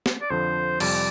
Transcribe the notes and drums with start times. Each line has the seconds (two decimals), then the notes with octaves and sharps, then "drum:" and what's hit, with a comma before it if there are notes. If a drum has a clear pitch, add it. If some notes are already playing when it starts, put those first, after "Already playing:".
0.06 drum: snare
0.21 D5
0.30 F2 D3 F3 C5
0.80 F2 C3 G3 D5, drum: cymbal